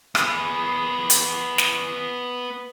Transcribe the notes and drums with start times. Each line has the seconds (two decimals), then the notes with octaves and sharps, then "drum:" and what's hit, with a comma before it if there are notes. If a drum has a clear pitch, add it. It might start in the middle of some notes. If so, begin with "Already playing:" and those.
0.15 B3 G#4, drum: rim click
1.10 drum: hi-hat
1.58 drum: snare